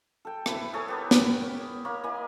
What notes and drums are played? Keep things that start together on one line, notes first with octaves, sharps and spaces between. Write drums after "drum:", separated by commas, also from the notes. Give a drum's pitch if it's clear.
A4 G5
E4 B4, drum: rim click
G#4 A4 C#5 G#5
B3 G4 A#4
drum: snare
A#3 C#5 B5
A#3 E4 D#5 G#5